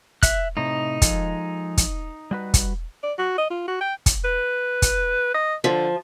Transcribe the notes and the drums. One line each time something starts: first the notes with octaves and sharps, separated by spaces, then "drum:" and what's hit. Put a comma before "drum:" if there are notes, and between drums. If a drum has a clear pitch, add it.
E5 F#6, drum: kick, hi-hat
A2 C3 D#4
F3 G#3 A4, drum: kick, hi-hat
drum: kick, hi-hat
G3 F#4 B4
drum: kick, hi-hat
D5
F#4
D#5
F4
F#4
G5
drum: kick, hi-hat
B4
drum: kick, hi-hat
D#5
D3 F3